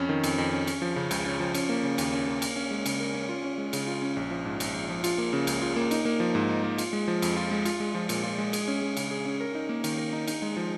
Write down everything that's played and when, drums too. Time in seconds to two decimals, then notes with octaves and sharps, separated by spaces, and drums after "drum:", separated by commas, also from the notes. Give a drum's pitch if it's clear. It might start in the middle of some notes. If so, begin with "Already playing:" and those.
Already playing: F2 C#4
0.09 D#3
0.24 F2, drum: cymbal
0.38 F2
0.52 C#4
0.67 C#4, drum: cymbal
0.82 F3
0.96 C#3
1.11 C#2, drum: cymbal
1.26 C#4
1.40 F3
1.54 C#4, drum: cymbal
1.69 A#3
1.83 C#3
1.98 D#2, drum: cymbal
2.13 C#4
2.27 A#3
2.42 A#4, drum: cymbal
2.56 C#4
2.71 G#3
2.86 C#3, drum: cymbal
3.00 A#4
3.15 C#4
3.29 F4
3.44 C#4
3.58 G#3
3.73 C#3, drum: cymbal
3.88 F4
4.02 C#4
4.16 A#1
4.31 F3
4.45 G#2
4.60 A#1, drum: cymbal
4.74 A#1
4.90 F3
5.04 F4, drum: cymbal
5.18 A#3
5.33 C#3
5.47 C#2, drum: cymbal
5.62 F4
5.76 A#3
5.91 D#4, drum: cymbal
6.05 A#3
6.20 F3
6.35 G#2
6.49 D#4
6.64 A#3
6.78 F4, drum: cymbal
6.93 G#3
7.08 F3
7.22 F2, drum: cymbal
7.37 F4
7.51 G#3
7.65 F4, drum: cymbal
7.80 G#3
7.95 F3
8.09 A#2, drum: cymbal
8.23 F4
8.38 G#3
8.53 G#4, drum: cymbal
8.68 C#4
8.82 G#3
8.97 C#3, drum: cymbal
9.11 G#4
9.26 C#4
9.41 A#4
9.55 D#4
9.69 A#3
9.84 D#3, drum: cymbal
9.98 A#4
10.13 D#4
10.27 D#4, drum: cymbal
10.42 G#3
10.56 F3